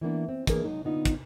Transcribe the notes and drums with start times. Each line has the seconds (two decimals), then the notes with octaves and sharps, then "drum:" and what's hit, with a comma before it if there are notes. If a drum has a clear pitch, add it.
0.01 E3 A#3 B3 D4
0.29 C4
0.47 E3 A3 A#3 D4 G#4 A#4, drum: kick, hi-hat
0.64 F#3 G#3 D#4
0.84 D3 B3 D#4 F4
1.05 drum: kick, hi-hat